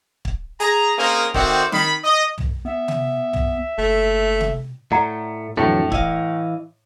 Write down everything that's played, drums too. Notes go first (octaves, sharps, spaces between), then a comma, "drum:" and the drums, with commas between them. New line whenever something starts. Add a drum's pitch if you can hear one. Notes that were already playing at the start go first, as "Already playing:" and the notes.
drum: kick
G#4 A#5, drum: hi-hat
A#3 C4 C#4 D#4 G#4 A#4
D#3 A3 C4 F#4 C5 D5, drum: kick
D#3 B5, drum: snare
D#5
drum: tom
B3 E5
drum: tom C3
drum: tom
F#1 A3
drum: tom C3
A2 A3 D5 F#5 A#5
F2 A2 D3 E3 F#3 A3
E3 E4 D#5 F5, drum: kick